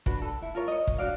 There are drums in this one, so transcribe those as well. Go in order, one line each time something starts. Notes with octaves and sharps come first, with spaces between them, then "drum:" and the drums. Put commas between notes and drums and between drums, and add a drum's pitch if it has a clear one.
D4 F#4 B4, drum: kick
A4
E4
F4 A#4 C#5
C#5 D#5
drum: kick
D4 F#4 D5 F5